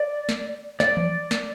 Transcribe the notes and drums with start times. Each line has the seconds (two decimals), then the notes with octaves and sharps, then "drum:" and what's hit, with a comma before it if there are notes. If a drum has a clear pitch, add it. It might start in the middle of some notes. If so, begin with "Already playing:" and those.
Already playing: D5
0.29 drum: snare
0.80 D5, drum: snare
0.97 drum: tom E3
1.31 drum: snare